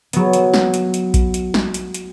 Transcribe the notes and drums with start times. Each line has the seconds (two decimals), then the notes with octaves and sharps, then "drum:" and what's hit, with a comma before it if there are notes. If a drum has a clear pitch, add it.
0.13 F#3 B3, drum: hi-hat
0.33 drum: hi-hat
0.54 drum: snare
0.74 drum: hi-hat
0.94 drum: hi-hat
1.14 drum: kick A#1, hi-hat
1.34 drum: hi-hat
1.54 drum: snare
1.74 drum: hi-hat
1.94 drum: hi-hat